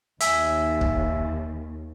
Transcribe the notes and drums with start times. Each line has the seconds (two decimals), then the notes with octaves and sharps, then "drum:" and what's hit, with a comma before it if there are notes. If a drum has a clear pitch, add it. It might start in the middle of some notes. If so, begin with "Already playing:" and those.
0.21 D#2 E5 G#5, drum: hi-hat
0.81 drum: kick